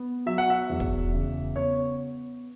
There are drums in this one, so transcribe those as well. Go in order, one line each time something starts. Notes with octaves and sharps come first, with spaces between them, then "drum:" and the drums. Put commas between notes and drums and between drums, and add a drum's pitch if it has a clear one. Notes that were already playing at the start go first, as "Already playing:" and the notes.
Already playing: B3
F#3 E5
F#5
E5
E2
drum: kick
C#3
B3 C#5